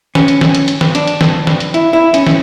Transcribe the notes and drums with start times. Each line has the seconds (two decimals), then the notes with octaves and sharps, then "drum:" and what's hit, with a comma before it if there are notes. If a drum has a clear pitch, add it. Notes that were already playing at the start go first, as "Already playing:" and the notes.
0.15 C#4, drum: snare
0.28 drum: hi-hat
0.41 drum: snare
0.55 drum: hi-hat
0.68 drum: hi-hat
0.81 drum: snare
0.95 D4, drum: hi-hat
1.07 drum: hi-hat
1.21 drum: snare
1.47 drum: snare
1.60 drum: hi-hat
1.74 E4, drum: hi-hat
1.93 E4
2.14 C#4, drum: hi-hat
2.27 drum: snare